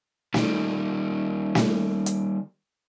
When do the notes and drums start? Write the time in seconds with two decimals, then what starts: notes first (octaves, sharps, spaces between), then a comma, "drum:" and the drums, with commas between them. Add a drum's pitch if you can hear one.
0.34 D#3 G3, drum: snare
1.55 drum: snare
2.06 drum: hi-hat